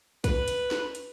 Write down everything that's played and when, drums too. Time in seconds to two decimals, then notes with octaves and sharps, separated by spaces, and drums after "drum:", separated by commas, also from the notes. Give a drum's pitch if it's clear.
0.24 B4, drum: kick, hi-hat
0.48 drum: hi-hat
0.71 drum: snare
0.95 drum: hi-hat